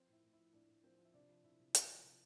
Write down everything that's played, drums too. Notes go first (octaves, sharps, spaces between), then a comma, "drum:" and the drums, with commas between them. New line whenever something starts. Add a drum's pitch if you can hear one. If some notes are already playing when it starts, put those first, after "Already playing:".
Already playing: F3 C4 C5
A2 E4 E5
A2
E4 E5
F3
A2 D4 D5
A2
F3 C4 C5
F3
E5
C3 D4 D5
F3
C3 E4 E5
C3
C3, drum: hi-hat
F3
C3